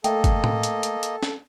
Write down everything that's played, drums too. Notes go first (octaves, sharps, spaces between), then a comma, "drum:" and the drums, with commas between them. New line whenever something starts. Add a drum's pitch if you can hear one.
A3 A#3 A4 D#5 G5, drum: hi-hat
drum: kick G1, hi-hat
drum: tom A2
drum: hi-hat
drum: hi-hat
drum: hi-hat
drum: snare